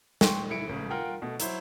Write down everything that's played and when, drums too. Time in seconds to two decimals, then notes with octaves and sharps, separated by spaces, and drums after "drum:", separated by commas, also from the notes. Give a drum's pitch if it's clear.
0.21 G5 C6 C#6, drum: snare
0.50 E4 C#7 D7
0.69 A1 C#3
0.90 F4 A#4 F#5 G5
1.21 B2 A3
1.40 F#3 E4 C5, drum: hi-hat